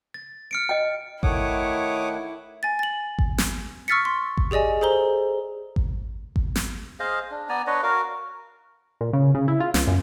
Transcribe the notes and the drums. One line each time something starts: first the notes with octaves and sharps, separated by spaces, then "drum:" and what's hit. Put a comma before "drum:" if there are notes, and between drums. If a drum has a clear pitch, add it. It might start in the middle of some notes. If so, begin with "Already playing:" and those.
A6
F6 C#7 D7
D#5 G5
D#3 A3 E4 C#5 F#5 D6 D#6, drum: kick G#1
G#5 A6
A6 F#7
drum: kick G#1
drum: snare
C#6 E6 F6 A6 B6 C#7
C6
drum: kick G#1
G4 G#4 D5 D#5 G#5
G#4 A4 C5 A#5 G7
drum: kick G#1
drum: kick G#1
drum: snare
G#4 C5 D#5 F5
D4
B3 D5 G#5 A#5
D4 B4 C#5 D#5
F#4 A#4 F5
A#2
C#3
C#3
E4
F4
C#2, drum: snare
F#2